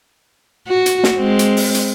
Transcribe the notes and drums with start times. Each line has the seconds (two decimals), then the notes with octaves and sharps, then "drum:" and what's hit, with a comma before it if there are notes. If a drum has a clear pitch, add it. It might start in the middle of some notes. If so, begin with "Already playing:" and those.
0.68 F#4
0.86 drum: hi-hat
1.04 drum: snare
1.17 G#3 C4
1.39 drum: hi-hat
1.57 drum: open hi-hat
1.74 drum: hi-hat